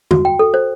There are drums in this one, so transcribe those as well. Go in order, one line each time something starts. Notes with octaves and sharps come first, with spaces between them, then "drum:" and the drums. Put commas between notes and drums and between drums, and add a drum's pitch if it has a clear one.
F#4, drum: tom
G5
A4
C5